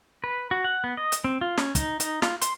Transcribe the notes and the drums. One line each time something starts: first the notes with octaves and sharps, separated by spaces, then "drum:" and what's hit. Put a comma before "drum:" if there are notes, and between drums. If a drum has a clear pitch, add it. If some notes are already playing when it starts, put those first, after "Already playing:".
B4
F#4
F#5
B3
D#5
drum: hi-hat
C4
F4
C#4, drum: snare
D#4, drum: kick, hi-hat
D#4, drum: hi-hat
F4, drum: snare
C6, drum: hi-hat